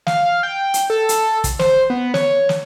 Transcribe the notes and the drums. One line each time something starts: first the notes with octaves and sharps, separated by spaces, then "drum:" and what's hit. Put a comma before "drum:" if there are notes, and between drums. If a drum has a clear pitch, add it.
F5, drum: snare
G5
drum: hi-hat
A4
drum: hi-hat
drum: kick, hi-hat
C5, drum: snare
B3
C#5, drum: snare
drum: snare